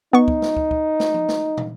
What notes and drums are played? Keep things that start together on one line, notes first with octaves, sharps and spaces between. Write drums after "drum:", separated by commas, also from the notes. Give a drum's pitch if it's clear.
B3 D#4 C#6
drum: kick
drum: snare
drum: kick
drum: kick
drum: snare
drum: tom F3
drum: snare
drum: tom